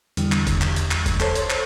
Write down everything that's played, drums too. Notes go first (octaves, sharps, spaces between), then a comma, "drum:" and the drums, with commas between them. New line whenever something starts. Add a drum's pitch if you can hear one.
E2 D3 G3, drum: hi-hat
drum: clap
drum: kick, hi-hat
drum: clap
drum: hi-hat
drum: clap
drum: kick, hi-hat
A4 C5 C#5, drum: clap
drum: hi-hat
drum: clap